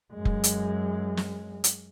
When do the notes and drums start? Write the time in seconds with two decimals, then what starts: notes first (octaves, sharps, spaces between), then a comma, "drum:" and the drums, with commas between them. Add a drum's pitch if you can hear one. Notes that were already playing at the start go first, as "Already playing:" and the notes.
0.13 F#2 G#3
0.25 drum: kick F1
0.44 drum: hi-hat
1.17 drum: snare
1.64 drum: hi-hat